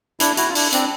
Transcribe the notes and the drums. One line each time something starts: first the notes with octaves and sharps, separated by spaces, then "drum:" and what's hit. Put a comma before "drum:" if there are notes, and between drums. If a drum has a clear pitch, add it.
D4 E4, drum: hi-hat
E4 F#4, drum: hi-hat
F4
D4 E4, drum: open hi-hat
C4 D4, drum: hi-hat